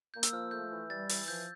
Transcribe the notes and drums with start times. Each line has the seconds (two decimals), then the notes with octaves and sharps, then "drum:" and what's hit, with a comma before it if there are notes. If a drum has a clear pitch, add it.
0.14 A#3 G6
0.23 E6, drum: hi-hat
0.33 F3 F6
0.51 A3 G6
0.71 E3
0.90 G3 A6
1.09 E3, drum: open hi-hat
1.27 F3 G6